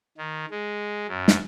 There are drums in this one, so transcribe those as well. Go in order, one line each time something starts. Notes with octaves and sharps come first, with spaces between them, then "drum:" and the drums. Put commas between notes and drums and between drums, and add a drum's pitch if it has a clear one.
D#3
G#3
F#2
drum: snare